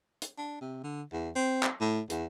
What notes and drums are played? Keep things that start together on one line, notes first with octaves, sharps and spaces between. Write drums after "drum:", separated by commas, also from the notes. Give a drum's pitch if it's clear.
drum: hi-hat
D4
C3
D3
E2
C4
drum: clap
A2
E2, drum: hi-hat